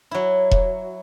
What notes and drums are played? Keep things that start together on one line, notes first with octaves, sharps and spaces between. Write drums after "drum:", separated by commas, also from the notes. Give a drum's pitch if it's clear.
F#3 E4
drum: kick E1